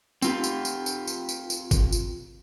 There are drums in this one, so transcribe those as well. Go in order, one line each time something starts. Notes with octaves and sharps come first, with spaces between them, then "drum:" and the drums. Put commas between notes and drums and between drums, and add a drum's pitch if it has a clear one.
C4 F4 G4, drum: tambourine
drum: tambourine
drum: tambourine
drum: tambourine
drum: tambourine
drum: tambourine
drum: tambourine
drum: kick, tambourine
drum: tambourine